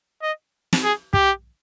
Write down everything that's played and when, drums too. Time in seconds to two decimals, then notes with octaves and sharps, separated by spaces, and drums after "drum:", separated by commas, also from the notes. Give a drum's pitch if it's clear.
0.23 D#5
0.73 drum: snare
0.84 G#4
1.13 G4, drum: kick